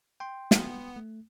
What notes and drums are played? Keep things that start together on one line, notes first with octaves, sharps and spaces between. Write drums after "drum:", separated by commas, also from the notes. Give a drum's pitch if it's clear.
G5 C6
B3, drum: snare
A3